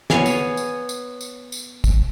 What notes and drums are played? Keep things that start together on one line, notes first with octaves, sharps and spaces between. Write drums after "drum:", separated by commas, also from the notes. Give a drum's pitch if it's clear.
B3 C#5 F5 G#5, drum: snare
drum: tambourine
drum: tambourine
drum: tambourine
drum: tambourine
drum: tambourine
drum: kick, tambourine